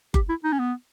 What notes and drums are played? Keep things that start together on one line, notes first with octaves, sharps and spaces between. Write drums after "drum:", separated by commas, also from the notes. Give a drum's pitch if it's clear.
G4, drum: kick F#1
E4
D#4
C#4
B3